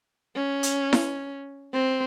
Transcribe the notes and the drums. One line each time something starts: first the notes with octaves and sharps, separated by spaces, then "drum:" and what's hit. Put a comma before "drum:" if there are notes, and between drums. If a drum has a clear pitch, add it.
C#4
drum: hi-hat
drum: snare E4
C4